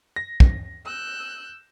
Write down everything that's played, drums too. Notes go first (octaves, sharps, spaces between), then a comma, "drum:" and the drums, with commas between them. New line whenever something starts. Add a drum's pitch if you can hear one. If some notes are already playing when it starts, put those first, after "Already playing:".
A#6
drum: kick
E6 F#6 G6